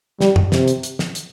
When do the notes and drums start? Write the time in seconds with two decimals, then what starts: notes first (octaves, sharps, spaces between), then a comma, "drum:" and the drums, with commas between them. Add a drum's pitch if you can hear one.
0.20 G3, drum: snare
0.36 drum: tom F#2
0.52 C3, drum: snare
0.68 drum: hi-hat
0.83 drum: hi-hat
0.99 drum: snare
1.15 drum: hi-hat